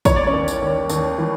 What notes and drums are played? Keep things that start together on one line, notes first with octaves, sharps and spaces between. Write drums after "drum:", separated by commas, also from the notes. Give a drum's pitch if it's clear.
E3 C#5, drum: kick, tambourine
D5
C#4 C#5
D#2
drum: tambourine
D#2
D#2, drum: tambourine
E3